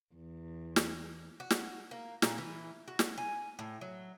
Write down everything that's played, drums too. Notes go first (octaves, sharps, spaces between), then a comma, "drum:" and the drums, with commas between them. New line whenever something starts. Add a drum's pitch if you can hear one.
E2
drum: snare
F#4
drum: snare
A#3
A#2, drum: snare
E3
F#4
drum: snare
G#5
A2
F#3